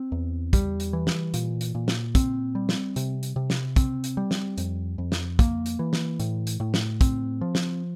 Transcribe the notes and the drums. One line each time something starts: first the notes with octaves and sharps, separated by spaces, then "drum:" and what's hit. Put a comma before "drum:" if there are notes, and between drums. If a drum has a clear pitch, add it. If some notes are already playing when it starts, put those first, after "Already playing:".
Already playing: C4
E2
G3, drum: kick, hi-hat
drum: hi-hat
E3
drum: snare
A#2, drum: hi-hat
drum: hi-hat
A#2
drum: snare
C4, drum: kick, hi-hat
G3
drum: snare
C3, drum: hi-hat
drum: hi-hat
C3
drum: snare
C4, drum: kick, hi-hat
drum: hi-hat
G3
drum: snare
F2, drum: hi-hat
F2
drum: snare
A#3, drum: kick, hi-hat
drum: hi-hat
E3
drum: snare
A2, drum: hi-hat
drum: hi-hat
A2
drum: snare
C4, drum: kick, hi-hat
F3
drum: snare